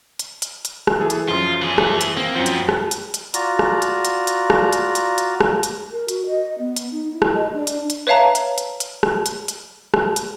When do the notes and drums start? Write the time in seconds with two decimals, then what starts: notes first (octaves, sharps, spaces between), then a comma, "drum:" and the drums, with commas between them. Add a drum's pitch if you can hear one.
0.19 drum: hi-hat
0.42 drum: hi-hat
0.65 drum: hi-hat
0.87 drum: rim click
1.00 E3 G#4 A4
1.10 drum: hi-hat
1.28 F#2 F3 F4
1.62 E3 G#4
1.78 drum: rim click
2.01 drum: hi-hat
2.17 A#3 C4
2.36 F#2 F3 B3 C4
2.46 drum: hi-hat
2.69 drum: rim click
2.91 drum: hi-hat
3.14 drum: hi-hat
3.34 F4 F#4 D5 A#5, drum: hi-hat
3.59 drum: rim click
3.82 drum: hi-hat
4.05 drum: hi-hat
4.27 drum: hi-hat
4.50 drum: rim click
4.73 drum: hi-hat
4.95 drum: hi-hat
5.18 drum: hi-hat
5.41 drum: rim click
5.63 drum: hi-hat
5.92 A#4
6.08 F#4, drum: hi-hat
6.27 D#5
6.59 B3
6.76 drum: hi-hat
6.91 D#4
7.12 E4
7.22 drum: rim click
7.34 D#5
7.53 D4
7.67 drum: hi-hat
7.90 drum: hi-hat
8.07 B4 C#5 E5 F5 A5 A#5
8.35 drum: hi-hat
8.58 drum: hi-hat
8.80 drum: hi-hat
9.03 drum: rim click
9.26 drum: hi-hat
9.48 drum: hi-hat
9.94 drum: rim click
10.16 drum: hi-hat